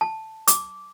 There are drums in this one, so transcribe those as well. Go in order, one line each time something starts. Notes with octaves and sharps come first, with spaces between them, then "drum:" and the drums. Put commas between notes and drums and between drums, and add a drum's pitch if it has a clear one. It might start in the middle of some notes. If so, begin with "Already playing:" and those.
A5
D6, drum: hi-hat